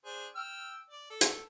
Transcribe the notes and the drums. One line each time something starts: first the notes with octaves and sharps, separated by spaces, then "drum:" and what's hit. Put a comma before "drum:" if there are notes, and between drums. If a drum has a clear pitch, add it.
D4 G#4 C5
G5 E6 F6
D5
A4
drum: hi-hat